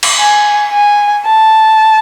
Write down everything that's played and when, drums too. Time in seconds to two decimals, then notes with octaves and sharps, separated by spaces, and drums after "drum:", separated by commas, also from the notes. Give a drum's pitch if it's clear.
0.03 drum: cymbal
0.20 G#5
0.73 G#5
1.26 A5